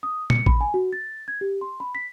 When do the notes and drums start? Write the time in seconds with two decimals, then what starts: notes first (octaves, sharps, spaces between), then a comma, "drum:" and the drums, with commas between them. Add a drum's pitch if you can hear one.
0.03 D#6
0.30 C#7, drum: tom
0.46 B5, drum: kick A1
0.61 G#5
0.74 F#4
0.93 A6
1.28 G#6
1.41 G4
1.61 C6
1.80 B5
1.95 B6